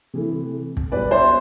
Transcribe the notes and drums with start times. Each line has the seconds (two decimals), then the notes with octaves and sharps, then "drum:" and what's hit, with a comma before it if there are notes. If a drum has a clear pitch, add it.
0.14 C3 E3 A3
0.77 drum: kick
0.92 B2 G3 B4 D5
1.11 C5 E5